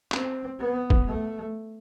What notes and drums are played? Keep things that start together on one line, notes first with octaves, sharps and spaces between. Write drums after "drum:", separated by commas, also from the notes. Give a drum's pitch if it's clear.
C4, drum: clap
B3
drum: kick
A3